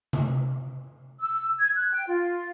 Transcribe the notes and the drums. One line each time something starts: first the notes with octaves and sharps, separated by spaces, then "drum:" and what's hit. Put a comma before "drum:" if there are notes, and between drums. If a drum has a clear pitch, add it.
drum: tom C3
E6
G#6
F#6
G5
F4